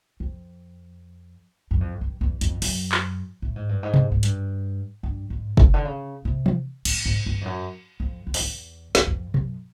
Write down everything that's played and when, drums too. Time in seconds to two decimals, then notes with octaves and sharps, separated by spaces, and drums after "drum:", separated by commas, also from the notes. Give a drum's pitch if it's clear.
0.20 F2
1.71 F#2
1.81 F2
2.01 G2
2.21 E2
2.41 F2, drum: hi-hat
2.62 F#2, drum: open hi-hat
2.92 drum: clap
3.42 A2
3.56 G#2
3.69 G2
3.83 G#2
3.94 drum: tom B2
4.12 G#2
4.23 G2, drum: hi-hat
5.03 G2
5.30 G#2
5.57 C3, drum: kick
5.74 D3
5.85 C#3
6.25 C3
6.46 drum: tom E3
6.85 A2, drum: cymbal
7.06 G#2
7.26 G2
7.41 F2
7.45 F#2
8.00 F2
8.27 E2
8.34 F2, drum: open hi-hat
8.41 E2
8.95 E2, drum: snare
9.07 F2
9.34 F#2, drum: tom B2